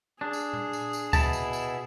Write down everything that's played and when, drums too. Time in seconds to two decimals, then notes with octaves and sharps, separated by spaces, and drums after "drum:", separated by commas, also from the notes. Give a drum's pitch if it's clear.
0.21 D4 G#4
0.33 drum: tambourine
0.53 drum: tom A#2
0.73 drum: tambourine
0.93 drum: tambourine
1.13 B2 E4 A5, drum: kick C#2, tambourine
1.33 drum: tambourine
1.53 drum: tambourine